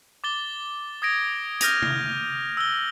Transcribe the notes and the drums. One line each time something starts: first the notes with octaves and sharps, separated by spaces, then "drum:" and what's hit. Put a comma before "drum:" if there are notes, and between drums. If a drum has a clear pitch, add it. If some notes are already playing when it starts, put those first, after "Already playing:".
D6 A6 G7
D#6 G#6 A#6 D7
F6 G6 A#6 D#7 F7, drum: hi-hat
drum: tom C3
E6 G7